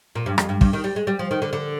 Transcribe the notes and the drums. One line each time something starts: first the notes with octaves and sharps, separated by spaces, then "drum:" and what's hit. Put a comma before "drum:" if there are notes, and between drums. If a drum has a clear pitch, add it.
A#2
G2
F2, drum: rim click
G2
G2, drum: kick
D#3
G3
G#3
G3
F3
D#3
D3
D3